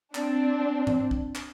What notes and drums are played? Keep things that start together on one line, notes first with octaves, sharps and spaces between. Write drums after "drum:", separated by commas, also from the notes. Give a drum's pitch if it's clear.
C4 D4, drum: clap
drum: tom G#2
drum: kick
drum: clap